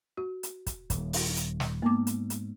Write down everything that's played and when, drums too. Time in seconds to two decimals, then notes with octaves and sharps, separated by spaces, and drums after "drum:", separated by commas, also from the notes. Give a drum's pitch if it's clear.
0.17 F#4
0.43 drum: hi-hat
0.67 drum: kick, hi-hat
0.90 D#1, drum: kick, hi-hat
1.13 drum: open hi-hat
1.37 drum: hi-hat
1.60 drum: snare
1.82 G#2 A#3 B3 D6
2.07 drum: hi-hat
2.30 drum: hi-hat